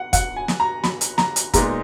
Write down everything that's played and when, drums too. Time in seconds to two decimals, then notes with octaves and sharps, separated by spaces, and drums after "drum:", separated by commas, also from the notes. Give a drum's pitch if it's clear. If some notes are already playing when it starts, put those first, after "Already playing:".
Already playing: F#5
0.13 F#5, drum: kick, hi-hat
0.36 G#5
0.48 drum: snare
0.60 A#5
0.84 B5, drum: snare
1.01 drum: hi-hat
1.18 A#5, drum: snare
1.36 drum: hi-hat
1.54 A#2 G#3 B3 D#4 A#5, drum: kick, hi-hat